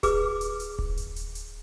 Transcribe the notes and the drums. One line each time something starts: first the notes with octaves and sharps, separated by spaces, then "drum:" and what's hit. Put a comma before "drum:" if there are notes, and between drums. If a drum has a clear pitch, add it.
G#4 B4 D6, drum: kick D1, hi-hat
drum: hi-hat
drum: hi-hat
drum: kick D1
drum: hi-hat
drum: hi-hat
drum: hi-hat